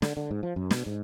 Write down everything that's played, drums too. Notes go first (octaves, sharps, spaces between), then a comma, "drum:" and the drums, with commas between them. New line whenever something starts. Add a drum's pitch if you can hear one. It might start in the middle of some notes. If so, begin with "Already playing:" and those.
D3, drum: snare
D3
G#2
F3
F#2
B2, drum: snare
G#2